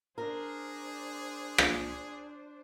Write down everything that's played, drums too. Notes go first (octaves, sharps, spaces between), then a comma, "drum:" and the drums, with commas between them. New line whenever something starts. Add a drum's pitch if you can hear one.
D4 G#4 A#4 C5
drum: rim click